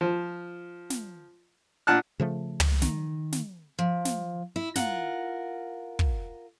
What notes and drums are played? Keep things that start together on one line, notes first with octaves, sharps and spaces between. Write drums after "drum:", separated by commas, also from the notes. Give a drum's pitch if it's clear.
F3
drum: snare
A#2 D4 F#5 A5 F6 F#6
C#3 F3 A3
drum: tom
D#3, drum: snare
drum: snare
F3
drum: snare
E4
F4 A#4 F#5, drum: snare
drum: kick